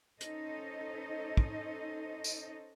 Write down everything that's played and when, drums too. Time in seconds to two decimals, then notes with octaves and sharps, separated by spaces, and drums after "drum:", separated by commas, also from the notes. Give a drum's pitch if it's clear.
0.21 C#4 D#4 A4 C5 D#5, drum: hi-hat
1.37 drum: kick
2.24 drum: tambourine